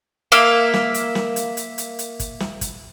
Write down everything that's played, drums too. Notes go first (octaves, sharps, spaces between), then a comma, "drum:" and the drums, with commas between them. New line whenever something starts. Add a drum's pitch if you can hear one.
A#3 E5 F5, drum: hi-hat
drum: snare
drum: hi-hat
drum: snare
drum: hi-hat
drum: hi-hat
drum: hi-hat
drum: hi-hat
drum: kick, hi-hat
drum: snare
drum: kick, hi-hat